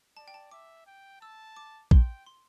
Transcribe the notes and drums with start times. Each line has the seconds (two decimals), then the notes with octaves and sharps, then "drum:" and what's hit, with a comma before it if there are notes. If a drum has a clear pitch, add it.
0.17 D5 A5
0.28 G5
0.34 A5
0.51 E5 D6
0.87 G5
1.21 A5 E6
1.56 D6
1.91 G5 C6, drum: kick A#1
2.26 C6